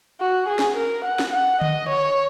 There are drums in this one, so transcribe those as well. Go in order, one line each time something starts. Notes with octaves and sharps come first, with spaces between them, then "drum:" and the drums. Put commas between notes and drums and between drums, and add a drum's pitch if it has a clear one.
F#4
G#4
drum: snare
A#4
F#5
drum: snare
F#5
D#5, drum: tom D3
C#5